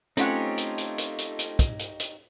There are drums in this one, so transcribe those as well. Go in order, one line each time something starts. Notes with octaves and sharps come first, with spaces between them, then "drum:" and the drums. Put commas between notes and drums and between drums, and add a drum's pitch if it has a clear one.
A3 C4 C#4 D#4 F4 G4 C#5 F#5, drum: hi-hat
drum: hi-hat
drum: hi-hat
drum: hi-hat
drum: hi-hat
drum: hi-hat
drum: kick, hi-hat
drum: hi-hat
drum: hi-hat